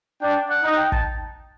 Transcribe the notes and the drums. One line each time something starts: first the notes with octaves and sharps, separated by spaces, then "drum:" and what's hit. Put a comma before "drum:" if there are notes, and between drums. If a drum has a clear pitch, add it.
D4 G5
F#5
D#4
G5
A5, drum: kick